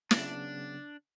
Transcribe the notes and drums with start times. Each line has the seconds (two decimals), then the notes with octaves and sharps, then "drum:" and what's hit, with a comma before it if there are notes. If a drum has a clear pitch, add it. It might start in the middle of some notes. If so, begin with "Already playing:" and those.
0.11 C#3 F#3 B3 D4, drum: snare